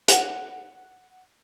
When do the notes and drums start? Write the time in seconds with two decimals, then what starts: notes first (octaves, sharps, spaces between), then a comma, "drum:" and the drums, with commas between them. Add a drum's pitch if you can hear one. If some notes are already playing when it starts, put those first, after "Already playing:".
0.08 F#5, drum: hi-hat